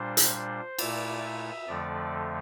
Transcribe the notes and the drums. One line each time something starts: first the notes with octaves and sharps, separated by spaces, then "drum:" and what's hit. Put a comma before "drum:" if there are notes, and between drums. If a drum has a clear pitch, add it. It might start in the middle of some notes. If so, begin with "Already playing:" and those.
Already playing: A#2 G3 D4 C5
drum: hi-hat
C5
A#2 A3 E4 D5, drum: cymbal
E5
F2 D3 F3 A3 D5